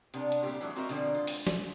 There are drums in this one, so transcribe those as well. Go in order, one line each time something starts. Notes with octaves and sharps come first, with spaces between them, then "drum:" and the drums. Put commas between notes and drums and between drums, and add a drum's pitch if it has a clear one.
C3 B3 D4 A#4, drum: hi-hat
drum: hi-hat
A#2 G3 A3 C4 F4 G4
E3 F#3 G#3 A3 D4 D#4
C4 F#4 G4 A#4 D#5 E5
B2 D3 F3 C4 G#4 B4, drum: hi-hat
G#3 F4
drum: open hi-hat
drum: snare